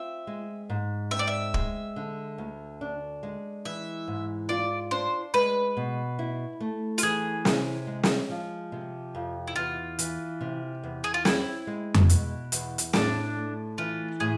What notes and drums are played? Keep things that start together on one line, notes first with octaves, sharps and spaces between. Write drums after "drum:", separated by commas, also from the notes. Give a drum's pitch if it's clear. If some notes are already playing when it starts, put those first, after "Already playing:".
Already playing: C4 F4 E5
G#3
G#2
C4 E5
D5
E5
G#3, drum: kick
D3
D2
D4
G#3
E3 E5
G#2
F4 D5
D4 C5
G#3 B4
B2
E4
A3
F4, drum: hi-hat
E3 G#4
C3, drum: snare
G#3
drum: snare
F3
C3
F2
E4
E2 F4
E3, drum: hi-hat
C3
E2
G#4
F4
C4 E4, drum: snare
G#3
drum: tom F2
B2, drum: hi-hat
E2, drum: hi-hat
drum: hi-hat
A2 D4, drum: snare
A3
E3 F4
A2 G#4